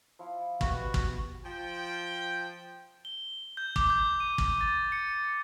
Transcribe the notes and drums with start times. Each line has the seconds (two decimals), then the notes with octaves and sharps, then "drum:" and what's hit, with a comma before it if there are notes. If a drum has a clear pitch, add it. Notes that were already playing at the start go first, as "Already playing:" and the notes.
0.19 F3 E4
0.61 B2 F#4 G4 B4, drum: kick
0.94 drum: kick
1.45 F3 G5
3.05 G7
3.57 G6
3.76 D6, drum: kick
3.90 G6
4.20 D#7
4.38 drum: kick
4.61 A6
4.92 C#7